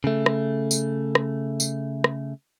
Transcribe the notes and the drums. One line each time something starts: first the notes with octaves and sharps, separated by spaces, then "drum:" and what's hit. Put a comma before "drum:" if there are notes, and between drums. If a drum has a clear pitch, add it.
C#3 A3
drum: rim click
drum: tambourine
drum: rim click
drum: tambourine
drum: rim click